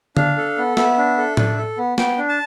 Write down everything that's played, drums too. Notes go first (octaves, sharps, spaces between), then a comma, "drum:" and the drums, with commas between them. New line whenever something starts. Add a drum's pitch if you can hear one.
D4 F5, drum: tom D3
A4
B3
B3 E5, drum: snare
D4
A4
D4, drum: tom A2
A4
B3
B3 G5, drum: snare
D4
A5